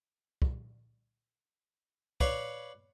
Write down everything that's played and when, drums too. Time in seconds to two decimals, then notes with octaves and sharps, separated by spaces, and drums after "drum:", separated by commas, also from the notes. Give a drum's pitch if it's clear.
0.42 drum: kick
2.20 B4 C#5 D5 F5 C#6, drum: kick